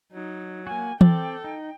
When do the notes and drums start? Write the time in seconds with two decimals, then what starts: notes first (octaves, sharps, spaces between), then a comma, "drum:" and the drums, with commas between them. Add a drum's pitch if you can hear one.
0.13 F#3 D#4
0.67 A#3 F#4 G#5
1.01 C4 A4 D5 G5, drum: tom E3
1.44 D#4